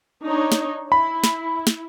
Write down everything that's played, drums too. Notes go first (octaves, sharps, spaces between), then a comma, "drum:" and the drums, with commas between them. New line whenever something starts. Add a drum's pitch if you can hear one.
D4 D#4 C#5
drum: snare
E4 B5
drum: snare
drum: snare